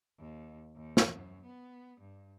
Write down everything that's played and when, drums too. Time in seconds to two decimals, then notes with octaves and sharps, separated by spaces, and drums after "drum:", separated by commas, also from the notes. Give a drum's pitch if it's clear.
0.19 D#2
0.76 D#2
0.97 drum: snare
1.12 F#2
1.46 B3
2.01 G2